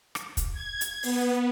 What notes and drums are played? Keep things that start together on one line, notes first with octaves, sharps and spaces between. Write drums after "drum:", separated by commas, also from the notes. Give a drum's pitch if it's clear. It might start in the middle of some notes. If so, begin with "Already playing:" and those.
drum: rim click
drum: kick, hi-hat
G#6
drum: hi-hat
B3, drum: open hi-hat